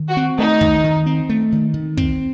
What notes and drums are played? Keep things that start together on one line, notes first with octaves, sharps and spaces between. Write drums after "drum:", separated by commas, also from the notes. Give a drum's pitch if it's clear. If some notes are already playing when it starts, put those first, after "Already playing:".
Already playing: D#3
F#4
C4
A3 D#4
D#3, drum: kick
D#3
C4
A3
D#3
D#3
C4, drum: kick